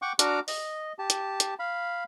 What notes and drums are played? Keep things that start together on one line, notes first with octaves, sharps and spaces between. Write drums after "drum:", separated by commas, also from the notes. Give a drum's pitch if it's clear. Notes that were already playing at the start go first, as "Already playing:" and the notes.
F#5 G5 C#6 D6
D4 F#4 A#5 D6 F6, drum: hi-hat
D#5, drum: open hi-hat
G4 A5
drum: hi-hat
drum: hi-hat
F5 B5